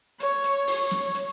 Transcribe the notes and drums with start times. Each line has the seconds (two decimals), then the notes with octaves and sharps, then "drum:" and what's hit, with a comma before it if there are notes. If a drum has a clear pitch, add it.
0.20 C#5, drum: hi-hat
0.44 drum: hi-hat
0.67 C#5, drum: open hi-hat
0.91 drum: snare
1.14 drum: hi-hat